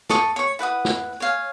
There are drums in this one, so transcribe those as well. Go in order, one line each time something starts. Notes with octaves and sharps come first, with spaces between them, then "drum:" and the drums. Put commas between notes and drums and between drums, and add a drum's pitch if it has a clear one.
A4 A5 C#6 D#6, drum: snare
C#5 C#6
E4 B4 F#5 D#6
drum: snare
C#5 F5 G#5